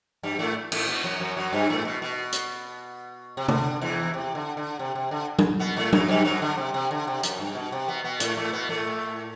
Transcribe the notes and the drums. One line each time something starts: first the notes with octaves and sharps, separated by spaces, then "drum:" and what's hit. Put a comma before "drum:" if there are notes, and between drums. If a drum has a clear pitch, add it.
G2 G3
A2 A3
A2 A3, drum: cymbal
B2 B3
F#2 F#3
F#2 F#3
F#2 F#3
G2 G3
A2 A3
B2
B2
drum: hi-hat
C3
D3, drum: tom
E2 E3
C3
D3
D3
C3
C3
D3
drum: tom F#3
B2 B3
A2 A3
F#2 F#3, drum: tom F#3
G2 G3
F#2 F#3
D3
C3
C3
D3
C3
F#2, drum: hi-hat
G2
B2
C3
B2 B3
B2 B3
A2 A3, drum: hi-hat
A2 A3
B2 B3
A2 A3